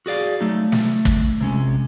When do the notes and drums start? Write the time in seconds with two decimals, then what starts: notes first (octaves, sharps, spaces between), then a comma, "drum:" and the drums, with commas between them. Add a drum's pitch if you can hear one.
0.06 F#4 G#4 D5 F5
0.41 F#3 A3 D#4
0.72 A3, drum: snare
1.05 drum: kick, hi-hat
1.41 C3 G#3 C#4